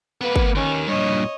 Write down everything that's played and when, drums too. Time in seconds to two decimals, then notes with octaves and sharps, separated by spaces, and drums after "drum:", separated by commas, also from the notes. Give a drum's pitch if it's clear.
0.21 A#3 B3 B4
0.36 drum: kick G1
0.55 D#2 D#3 C#4
0.88 G2 A#2 C#5 D#5